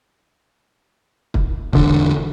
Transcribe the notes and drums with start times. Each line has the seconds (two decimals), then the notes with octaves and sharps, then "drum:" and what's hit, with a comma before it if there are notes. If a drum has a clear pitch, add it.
1.34 drum: kick
1.73 E1 D3, drum: kick